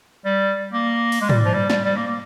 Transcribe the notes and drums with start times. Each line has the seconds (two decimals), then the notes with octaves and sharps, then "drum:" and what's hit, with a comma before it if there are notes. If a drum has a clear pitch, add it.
0.25 G3
0.73 A#3
1.12 drum: open hi-hat
1.21 G#3
1.29 G3, drum: tom
1.45 F3
1.54 G3
1.70 G3, drum: snare
1.85 G3
1.96 A#3
2.07 A#3